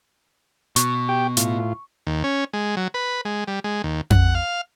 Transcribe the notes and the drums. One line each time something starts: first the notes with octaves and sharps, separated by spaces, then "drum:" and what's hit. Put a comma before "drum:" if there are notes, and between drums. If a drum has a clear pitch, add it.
B2 C#6, drum: hi-hat
G4 G5
A2 F4, drum: hi-hat
D#2
C#4
G#3
F#3
B4
G#3
G3
G#3
D#2
F#5, drum: tom F2
F5